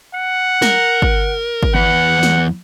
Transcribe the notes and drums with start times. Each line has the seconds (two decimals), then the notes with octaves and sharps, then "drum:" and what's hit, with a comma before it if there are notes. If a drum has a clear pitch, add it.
0.14 F#5
0.62 A#4, drum: snare
1.02 drum: kick
1.63 drum: kick
1.74 E2 B4 F#5
2.23 drum: snare